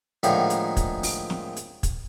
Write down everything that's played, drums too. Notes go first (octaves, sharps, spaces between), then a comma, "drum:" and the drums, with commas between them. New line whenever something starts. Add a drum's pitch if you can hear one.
A2 D3 D#3 F3 G#3 A#3, drum: hi-hat
drum: hi-hat
drum: kick, hi-hat
drum: open hi-hat
drum: snare
drum: hi-hat
drum: kick, hi-hat